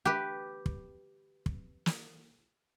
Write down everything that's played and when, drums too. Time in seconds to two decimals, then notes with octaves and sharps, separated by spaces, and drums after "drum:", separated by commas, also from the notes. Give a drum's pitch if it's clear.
0.05 G4 B4
0.66 drum: kick
1.46 drum: kick
1.86 drum: snare